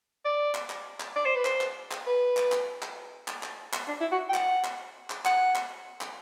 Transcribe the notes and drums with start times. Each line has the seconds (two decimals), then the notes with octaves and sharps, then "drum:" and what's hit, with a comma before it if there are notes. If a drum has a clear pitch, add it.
0.25 D5
0.55 drum: clap
0.70 drum: clap
1.00 drum: clap
1.16 D5
1.25 C5
1.35 B4
1.45 C5, drum: clap
1.61 drum: clap
1.91 drum: clap
2.07 B4
2.37 drum: clap
2.52 drum: clap
2.82 drum: clap
3.28 drum: clap
3.43 drum: clap
3.73 drum: clap
3.88 D4
4.00 E4
4.12 F#4
4.29 G5
4.34 F#5, drum: clap
4.64 drum: clap
5.10 drum: clap
5.25 F#5, drum: clap
5.55 drum: clap
6.01 drum: clap